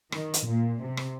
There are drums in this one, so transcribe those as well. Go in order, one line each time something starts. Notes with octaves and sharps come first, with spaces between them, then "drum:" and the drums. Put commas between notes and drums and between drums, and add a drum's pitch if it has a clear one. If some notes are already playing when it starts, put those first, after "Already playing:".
D#3, drum: rim click
drum: hi-hat
A#2
C3
drum: rim click